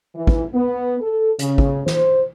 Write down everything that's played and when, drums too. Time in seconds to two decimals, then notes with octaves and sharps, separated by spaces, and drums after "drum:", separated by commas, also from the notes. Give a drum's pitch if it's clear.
0.15 E3
0.27 drum: kick
0.54 B3
1.01 A4
1.39 C#3, drum: hi-hat
1.58 drum: kick
1.86 C5, drum: snare